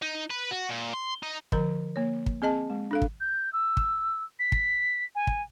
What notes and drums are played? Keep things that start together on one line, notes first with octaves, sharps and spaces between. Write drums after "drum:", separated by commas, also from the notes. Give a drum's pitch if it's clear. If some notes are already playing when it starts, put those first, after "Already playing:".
D#4
B4
F#4
A#2
C6
D#4
D3 F3 A#4 A#5, drum: kick
A#3 C#5
drum: kick
C4 G#4 D#5 A5
G#3
D4 A4 F5
drum: kick
G6
E6
drum: kick
B6
drum: kick
G#5
drum: kick